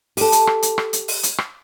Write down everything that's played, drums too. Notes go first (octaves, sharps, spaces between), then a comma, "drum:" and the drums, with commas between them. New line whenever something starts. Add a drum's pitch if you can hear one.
G4 A4, drum: open hi-hat
drum: hi-hat
drum: rim click
drum: hi-hat
drum: rim click
drum: hi-hat
drum: open hi-hat
drum: hi-hat
drum: rim click